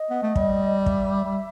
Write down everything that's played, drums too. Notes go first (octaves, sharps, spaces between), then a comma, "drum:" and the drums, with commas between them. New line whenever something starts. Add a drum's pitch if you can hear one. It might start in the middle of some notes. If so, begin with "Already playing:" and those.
Already playing: D#5
B3
A3
G3, drum: kick
E5, drum: kick
G3